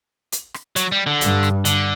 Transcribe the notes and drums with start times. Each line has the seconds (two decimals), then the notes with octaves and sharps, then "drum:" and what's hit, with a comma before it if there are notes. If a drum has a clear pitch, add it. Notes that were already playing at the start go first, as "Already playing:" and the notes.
0.32 drum: hi-hat
0.54 drum: rim click
0.76 F#3, drum: hi-hat
0.92 G3
1.07 D3
1.21 G2, drum: hi-hat
1.43 drum: rim click
1.65 D3, drum: hi-hat